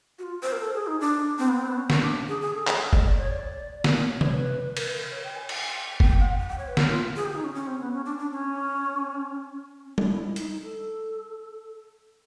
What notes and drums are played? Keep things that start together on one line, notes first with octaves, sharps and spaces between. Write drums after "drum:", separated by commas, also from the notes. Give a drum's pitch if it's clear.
F#4
F4
C5
A#4
A4
G#4
D#4
D4
C4
B3
C4
B3
C#4
C#4, drum: snare
D4
G#4
G#4
A4
G#4, drum: clap
A4
D#5, drum: kick
D5
C#5
D5
drum: snare
C#5
C#5, drum: tom C3
B4
A#4, drum: cymbal
B4
A#4
C#5
G5
G#5
G5, drum: cymbal
G#5
G5
G5
G5, drum: kick
F#5
F#5
G5
C#5
B4
A#4, drum: snare
F4
G#4
G4
D#4
C#4
C#4
C4
B3
C#4
D4
D4
C#4
C#4
D4, drum: tom G3
E4
D#4, drum: hi-hat
D#4
A4